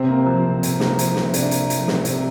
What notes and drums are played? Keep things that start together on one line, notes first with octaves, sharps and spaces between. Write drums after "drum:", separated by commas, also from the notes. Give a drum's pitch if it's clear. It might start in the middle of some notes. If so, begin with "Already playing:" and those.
Already playing: C3 C4
A#3
F3
C3
C3, drum: hi-hat
A#3, drum: snare
F3, drum: hi-hat
C3, drum: snare
C3 D4, drum: hi-hat
A#3, drum: hi-hat
F3, drum: hi-hat
C3, drum: snare
C3, drum: hi-hat